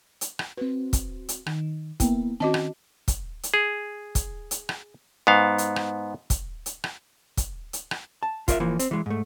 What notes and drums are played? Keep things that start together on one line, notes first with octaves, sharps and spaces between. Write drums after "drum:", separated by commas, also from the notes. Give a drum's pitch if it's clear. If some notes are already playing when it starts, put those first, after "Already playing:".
drum: hi-hat
drum: rim click
C4 F#4 B4
drum: kick, hi-hat
drum: hi-hat
D#3, drum: rim click
A#3 B3 E4 G5, drum: kick, hi-hat
D#3 C4 C#4 F#4 D#5 A5
drum: rim click
drum: kick, hi-hat
drum: hi-hat
G#4
drum: kick, hi-hat
drum: hi-hat
drum: rim click
G#2 B3 F5
drum: hi-hat
drum: rim click
drum: kick, hi-hat
drum: hi-hat
drum: rim click
drum: kick, hi-hat
drum: hi-hat
drum: rim click
A5
F4 A#4 C#5 E5, drum: kick, hi-hat
E3 F3 A#3
C4, drum: hi-hat
E3 G#3
G#2 A3